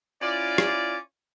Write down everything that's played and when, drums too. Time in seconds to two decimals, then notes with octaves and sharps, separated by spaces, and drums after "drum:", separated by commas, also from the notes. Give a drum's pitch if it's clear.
0.22 C#4 E4 F4 D5
0.58 drum: rim click